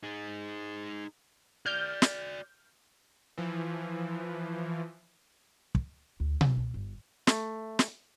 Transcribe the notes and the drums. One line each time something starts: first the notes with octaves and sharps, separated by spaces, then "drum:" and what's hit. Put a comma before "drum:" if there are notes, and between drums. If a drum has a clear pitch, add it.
D#4 G#4
F#4 D5 F6 G6
drum: snare
E3 F3
drum: kick
D2
F#3, drum: tom B2
C2
G1
A3, drum: snare
drum: snare